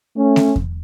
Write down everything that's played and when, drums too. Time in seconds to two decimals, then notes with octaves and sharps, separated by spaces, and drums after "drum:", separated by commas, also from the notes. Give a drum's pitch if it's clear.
0.17 A3 C#4
0.36 drum: snare A3
0.56 drum: kick E2